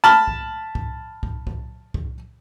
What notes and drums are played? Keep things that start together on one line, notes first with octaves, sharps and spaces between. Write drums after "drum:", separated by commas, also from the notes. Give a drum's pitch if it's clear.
A5 B5 F6
drum: kick C2
drum: kick C2
drum: kick C2
drum: kick C2
drum: kick C2